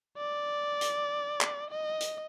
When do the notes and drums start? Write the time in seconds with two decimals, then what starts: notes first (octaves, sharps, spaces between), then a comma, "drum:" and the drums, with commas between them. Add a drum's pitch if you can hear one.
0.18 D5
0.81 drum: hi-hat
1.41 drum: clap
1.71 D#5
2.01 drum: hi-hat